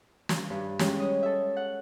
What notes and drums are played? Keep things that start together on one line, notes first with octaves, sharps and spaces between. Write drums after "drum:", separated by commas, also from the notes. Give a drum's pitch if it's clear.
drum: snare
G2
G3 G#3 C#4, drum: snare
D#5
A4 E5
F#5